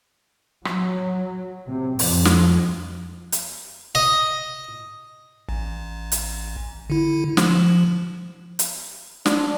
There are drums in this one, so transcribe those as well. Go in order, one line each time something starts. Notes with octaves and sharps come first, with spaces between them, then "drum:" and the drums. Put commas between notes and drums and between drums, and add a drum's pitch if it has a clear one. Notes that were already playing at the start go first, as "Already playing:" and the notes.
F#3, drum: rim click
C3
F2, drum: open hi-hat
drum: snare
drum: hi-hat
D#5
A1
drum: hi-hat
D3 E4
F3, drum: snare
drum: hi-hat
D4, drum: snare